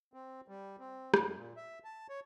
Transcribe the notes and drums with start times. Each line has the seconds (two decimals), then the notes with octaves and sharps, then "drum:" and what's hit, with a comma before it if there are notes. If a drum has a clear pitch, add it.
0.14 C4
0.48 G3
0.79 C4
1.14 F#2, drum: rim click
1.36 A#2
1.57 E5
1.84 A5
2.09 C#5